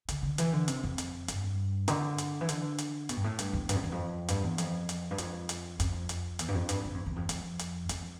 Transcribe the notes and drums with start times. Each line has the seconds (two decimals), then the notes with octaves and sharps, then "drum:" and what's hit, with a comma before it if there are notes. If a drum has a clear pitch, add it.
0.09 D3, drum: hi-hat
0.23 D3
0.38 E3, drum: hi-hat
0.53 D3
0.68 C3, drum: hi-hat
0.84 F2
0.98 drum: hi-hat
1.28 G2, drum: hi-hat
1.88 D3, drum: hi-hat
2.18 drum: hi-hat
2.41 E3
2.49 D3, drum: hi-hat
2.78 drum: hi-hat
3.09 B2, drum: hi-hat
3.16 G2
3.24 A2
3.39 G2, drum: hi-hat
3.53 E2
3.69 G2, drum: hi-hat
3.76 F2
3.84 E2
3.92 F2
4.28 G2, drum: hi-hat
4.43 E2
4.58 F2, drum: hi-hat
4.89 drum: hi-hat
5.11 G2
5.18 F2, drum: hi-hat
5.49 drum: hi-hat
5.80 F2, drum: hi-hat
6.09 drum: hi-hat
6.39 E2, drum: hi-hat
6.48 G2
6.55 F2
6.69 G2, drum: hi-hat
6.85 G2
6.94 F2
7.06 E2
7.16 F2
7.29 F2, drum: hi-hat
7.59 drum: hi-hat
7.89 F2, drum: hi-hat